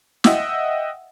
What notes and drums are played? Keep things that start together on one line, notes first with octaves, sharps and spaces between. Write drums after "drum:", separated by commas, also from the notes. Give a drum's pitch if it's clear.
D#5 E5 F#5 G5 D#6 E6, drum: snare